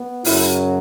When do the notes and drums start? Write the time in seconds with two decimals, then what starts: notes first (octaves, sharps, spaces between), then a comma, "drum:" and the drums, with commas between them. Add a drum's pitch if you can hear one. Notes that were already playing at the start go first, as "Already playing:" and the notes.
Already playing: B3
0.25 F#2 C#3 F#3 E4, drum: open hi-hat